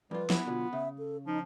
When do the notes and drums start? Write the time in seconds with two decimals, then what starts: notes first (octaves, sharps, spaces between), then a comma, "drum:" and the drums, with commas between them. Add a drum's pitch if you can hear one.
0.11 F2 G3 F4 B4
0.30 B3 E4 G#4, drum: snare
0.46 B2 D3 F#3 F4
0.73 C#3 E5
0.98 A4
1.26 F3 D#4